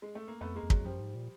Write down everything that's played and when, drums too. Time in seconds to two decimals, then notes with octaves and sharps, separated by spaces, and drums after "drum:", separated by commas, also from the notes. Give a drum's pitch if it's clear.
0.02 G#3
0.15 A3
0.28 A#3
0.41 F2 A3 B3
0.56 G#3 A#3
0.63 F2
0.70 F#3 G#3, drum: kick
0.80 F2
0.85 F#2 F3 G3
1.00 G#2
1.15 A#2